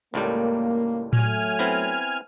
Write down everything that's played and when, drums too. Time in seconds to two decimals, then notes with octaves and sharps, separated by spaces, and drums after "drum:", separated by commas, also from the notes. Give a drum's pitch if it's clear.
0.14 C#2 A2 G3 A#3
1.13 F#3 A3 G#5 F6, drum: tom A2
1.59 B3 C4 E4